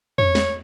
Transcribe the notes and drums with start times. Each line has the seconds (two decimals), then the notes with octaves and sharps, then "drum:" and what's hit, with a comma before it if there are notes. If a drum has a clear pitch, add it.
0.18 C#5, drum: tom
0.35 drum: snare